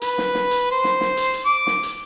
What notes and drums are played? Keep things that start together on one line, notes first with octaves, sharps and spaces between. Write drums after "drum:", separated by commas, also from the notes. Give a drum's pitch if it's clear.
B4, drum: hi-hat
drum: snare
drum: snare
drum: hi-hat
C5
drum: snare
drum: snare
drum: hi-hat
drum: hi-hat
D6
drum: snare
drum: hi-hat